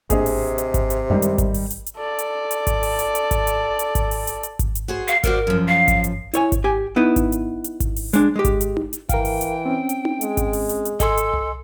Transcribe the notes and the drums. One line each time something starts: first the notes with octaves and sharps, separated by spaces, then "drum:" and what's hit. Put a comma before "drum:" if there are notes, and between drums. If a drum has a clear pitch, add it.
A1 C3 A#3 D4 G#4 D#5, drum: kick G#1, hi-hat
drum: open hi-hat
drum: hi-hat
drum: kick G#1, hi-hat
drum: hi-hat
F#2 D#3 G3 G#3 D#4
drum: hi-hat
drum: kick G#1, hi-hat
drum: open hi-hat
drum: hi-hat
drum: hi-hat
A4 D5
drum: hi-hat
drum: hi-hat
drum: kick G#1, hi-hat
drum: open hi-hat
drum: hi-hat
drum: hi-hat
drum: kick G#1, hi-hat
drum: hi-hat
drum: hi-hat
drum: kick G#1, hi-hat
drum: open hi-hat
drum: hi-hat
drum: hi-hat
drum: kick G#1, hi-hat
drum: hi-hat
F#4 G#4 C5
F5, drum: hi-hat
F#4 A#4 C5 D5, drum: kick G#1, hi-hat
F#2 F3
F5
drum: kick G#1, hi-hat
drum: hi-hat
E4 C#5 G#5, drum: hi-hat
drum: kick G#1, hi-hat
G4 G#5
B3 D#4 E4 B4
drum: kick G#1, hi-hat
drum: hi-hat
drum: hi-hat
drum: kick G#1, hi-hat
drum: open hi-hat
G#3 D4, drum: hi-hat
G#3 G4
drum: kick G#1, hi-hat
drum: hi-hat
drum: tom D#4
drum: hi-hat
E3 A#4 F5 G5, drum: kick G#1, hi-hat
drum: open hi-hat
drum: hi-hat
C4 C#4
drum: hi-hat
drum: tom D#4
G#3, drum: hi-hat
drum: kick G#1, hi-hat
drum: open hi-hat
drum: hi-hat
drum: hi-hat
A4 D#5 G#5 C6, drum: kick G#1, hi-hat
drum: hi-hat
drum: tom C2